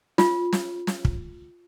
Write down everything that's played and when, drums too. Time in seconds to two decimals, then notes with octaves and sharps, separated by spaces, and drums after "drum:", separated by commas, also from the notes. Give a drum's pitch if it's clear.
0.18 F4, drum: snare
0.53 drum: snare
0.87 drum: snare
1.05 drum: kick